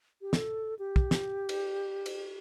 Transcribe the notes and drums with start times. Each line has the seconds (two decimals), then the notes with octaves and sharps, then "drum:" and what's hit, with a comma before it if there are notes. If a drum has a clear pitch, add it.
0.21 G4
0.33 A4, drum: snare
0.79 G4
0.96 drum: kick
1.11 drum: snare
1.49 drum: cymbal
2.06 drum: cymbal